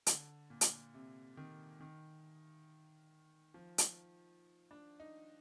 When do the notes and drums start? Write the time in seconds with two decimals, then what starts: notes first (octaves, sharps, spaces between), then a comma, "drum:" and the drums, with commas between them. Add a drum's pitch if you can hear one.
0.07 D3, drum: hi-hat
0.50 A#2
0.61 drum: hi-hat
0.94 C3
1.37 D#3
1.81 D#3
3.54 F3
3.78 drum: hi-hat
4.71 D4
5.00 D#4